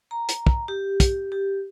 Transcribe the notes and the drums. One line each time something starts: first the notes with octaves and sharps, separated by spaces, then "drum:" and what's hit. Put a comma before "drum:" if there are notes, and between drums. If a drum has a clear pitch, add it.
A#5
drum: hi-hat
drum: kick
G4
drum: kick, hi-hat
G4